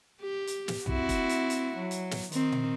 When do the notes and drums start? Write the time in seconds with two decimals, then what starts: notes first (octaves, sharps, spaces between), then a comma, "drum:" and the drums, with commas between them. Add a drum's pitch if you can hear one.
0.22 G4
0.47 drum: hi-hat
0.68 drum: snare
0.86 C4 E4 F#4, drum: tom
1.09 drum: kick E1, hi-hat
1.29 drum: hi-hat
1.50 drum: hi-hat
1.77 F#3
1.91 drum: hi-hat
2.11 drum: snare
2.32 D#3 C4, drum: hi-hat
2.52 drum: tom A#2